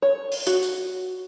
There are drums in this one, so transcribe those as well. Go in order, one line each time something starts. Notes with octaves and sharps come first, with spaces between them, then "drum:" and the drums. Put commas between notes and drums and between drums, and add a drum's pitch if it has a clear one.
C#5
drum: open hi-hat
F#4, drum: hi-hat
drum: tambourine